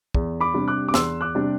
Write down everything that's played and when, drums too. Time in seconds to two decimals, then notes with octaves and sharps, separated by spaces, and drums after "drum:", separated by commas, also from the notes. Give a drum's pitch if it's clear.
0.15 E2, drum: kick
0.40 B5 D6
0.54 C3 G3 D4
0.68 D6 F#6
0.88 D6
0.94 E2 C6 E6, drum: snare
1.21 D6 F#6
1.35 C3 G3 D4